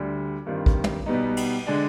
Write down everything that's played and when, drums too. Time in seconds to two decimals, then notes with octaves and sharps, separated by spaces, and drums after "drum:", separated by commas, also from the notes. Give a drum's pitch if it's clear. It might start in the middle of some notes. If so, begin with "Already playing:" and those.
Already playing: D2 D3 G3
0.46 G2 D#3 G3 C4 F4
0.66 drum: kick
0.84 drum: tom
1.06 B2 G3 B3 D#4
1.37 drum: cymbal
1.67 D3 G#3 D4